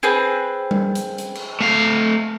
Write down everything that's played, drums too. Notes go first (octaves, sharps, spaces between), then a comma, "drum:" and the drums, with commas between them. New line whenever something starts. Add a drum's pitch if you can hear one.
C4 G#4 B4
drum: tom G3
drum: hi-hat
drum: hi-hat
drum: cymbal
A3 F5